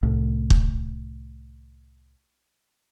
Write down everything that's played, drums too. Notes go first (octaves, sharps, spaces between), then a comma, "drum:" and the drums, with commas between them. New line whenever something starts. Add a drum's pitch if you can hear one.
C2 A2
drum: kick